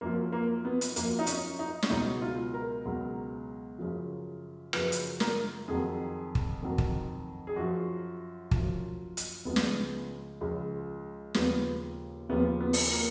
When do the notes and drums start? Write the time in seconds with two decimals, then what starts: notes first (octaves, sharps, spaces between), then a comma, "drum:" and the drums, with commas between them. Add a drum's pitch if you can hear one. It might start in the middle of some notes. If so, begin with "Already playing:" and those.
0.01 F#2 F3 A#3
0.32 A#3
0.65 B3
0.81 drum: hi-hat
0.96 F#2 F3 A#3, drum: hi-hat
1.19 D#4
1.27 C#4, drum: hi-hat
1.59 D#4
1.83 C#4, drum: snare
1.90 C#2 B2 F#3 D#4
2.22 F4
2.54 A#4
2.85 C#2 B2 F#3
3.79 F#2 C#3 F3
4.73 F#2 C#3 F3 B4, drum: rim click
4.92 drum: hi-hat
5.20 A#4, drum: snare
5.68 F2 D#3 F#3 G#4
6.35 drum: kick
6.62 F2 D#3 F#3
6.78 drum: kick
7.47 G#4
7.56 F#2 F3 F#4
8.51 F#2 F3, drum: kick
9.17 drum: hi-hat
9.45 C#2 C#3 F3 B3
9.56 drum: snare
10.41 C#2 C#3 F3
11.34 D#2 C#3 F3 B3, drum: snare
12.29 D#2 C#3 F3 B3
12.60 B3
12.73 drum: open hi-hat
12.92 A#3